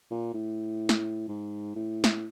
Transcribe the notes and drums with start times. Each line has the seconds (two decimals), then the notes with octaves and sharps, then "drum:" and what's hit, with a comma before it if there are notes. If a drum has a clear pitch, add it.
0.11 A#2
0.34 A2
0.89 drum: snare
1.28 G#2
1.76 A2
2.04 drum: snare